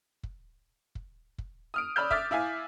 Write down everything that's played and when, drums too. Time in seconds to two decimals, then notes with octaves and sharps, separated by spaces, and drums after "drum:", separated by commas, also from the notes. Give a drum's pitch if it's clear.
0.23 drum: kick
0.95 drum: kick
1.38 drum: kick
1.74 D#6 F6 D7
1.96 D5 B5 E6 F6 G6
2.11 E5 D6 F6 A6, drum: kick
2.31 E4 E5 F5 G#5